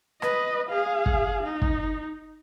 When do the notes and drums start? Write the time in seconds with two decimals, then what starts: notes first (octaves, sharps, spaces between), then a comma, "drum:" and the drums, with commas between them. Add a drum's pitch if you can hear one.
0.22 B4 D#5, drum: rim click
0.71 G#4 F5
1.06 drum: kick
1.43 D#4
1.62 drum: kick